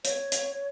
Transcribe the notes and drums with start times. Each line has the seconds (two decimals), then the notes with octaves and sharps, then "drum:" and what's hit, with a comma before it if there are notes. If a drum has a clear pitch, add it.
0.05 C#5, drum: hi-hat
0.32 drum: hi-hat